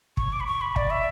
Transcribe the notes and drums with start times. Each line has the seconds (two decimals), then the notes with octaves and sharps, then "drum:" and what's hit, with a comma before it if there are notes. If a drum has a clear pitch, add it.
0.17 C#6, drum: kick
0.33 D6
0.40 B5
0.47 C#6
0.61 B5
0.76 D5, drum: kick
0.90 E5